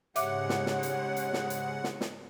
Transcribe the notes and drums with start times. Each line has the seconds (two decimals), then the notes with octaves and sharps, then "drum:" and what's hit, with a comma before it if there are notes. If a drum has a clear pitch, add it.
0.16 G#2 C#3 G#3 G4 C#5 E5 F#5 D6, drum: hi-hat
0.49 drum: snare
0.66 drum: snare
0.83 drum: hi-hat
1.17 drum: hi-hat
1.33 drum: snare
1.50 drum: hi-hat
1.84 drum: snare
2.01 drum: snare